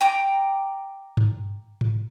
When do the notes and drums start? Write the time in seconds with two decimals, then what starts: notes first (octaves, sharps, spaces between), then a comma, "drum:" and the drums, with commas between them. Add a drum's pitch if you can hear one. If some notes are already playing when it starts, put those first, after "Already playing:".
0.01 G5 A#5 D6
1.17 drum: tom G2
1.81 drum: tom G#2